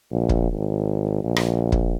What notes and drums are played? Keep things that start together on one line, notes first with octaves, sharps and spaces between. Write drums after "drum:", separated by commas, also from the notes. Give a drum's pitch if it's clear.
A#1
drum: kick
G#1
A#1
drum: rim click
drum: kick